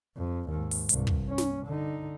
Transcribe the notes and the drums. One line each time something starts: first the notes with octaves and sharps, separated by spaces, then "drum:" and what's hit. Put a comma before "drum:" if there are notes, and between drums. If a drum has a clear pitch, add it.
F2
D#2 G#2
drum: open hi-hat
C2 G2, drum: hi-hat
drum: kick
C#4
drum: snare
D3 D#4